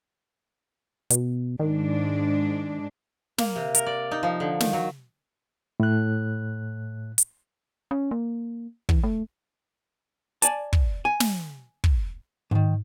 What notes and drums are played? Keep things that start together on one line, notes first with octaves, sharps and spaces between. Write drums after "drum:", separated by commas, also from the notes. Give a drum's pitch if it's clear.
B2, drum: hi-hat
G#2 D#3 D4
A#3, drum: snare
C3
A#4, drum: hi-hat
D5
D#4
F3
D3
D#3, drum: snare
F#3
A2 F#6
drum: hi-hat
C#4
A#3
E3, drum: kick
A3
D5 G#5 A5, drum: hi-hat
drum: kick
G#5
drum: snare
drum: kick
E2 G#2 D#3